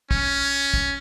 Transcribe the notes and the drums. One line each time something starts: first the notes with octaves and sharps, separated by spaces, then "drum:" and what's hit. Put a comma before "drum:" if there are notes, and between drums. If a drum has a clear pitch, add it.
C#4, drum: kick
drum: kick